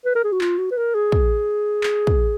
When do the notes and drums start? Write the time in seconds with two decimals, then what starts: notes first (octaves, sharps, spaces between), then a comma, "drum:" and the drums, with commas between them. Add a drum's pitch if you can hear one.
0.05 B4
0.15 A#4
0.24 G#4
0.32 F#4
0.41 F4, drum: clap
0.58 F#4
0.71 B4
0.77 A#4
0.95 G#4
1.12 drum: kick
1.83 drum: clap
2.07 drum: kick